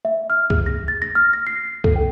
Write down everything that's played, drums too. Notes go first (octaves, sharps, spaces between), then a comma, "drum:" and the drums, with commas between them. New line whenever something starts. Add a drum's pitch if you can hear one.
E5
F6
G#4, drum: kick
A#6
A6
A#6
F6
A#6
C7
A4, drum: kick
G5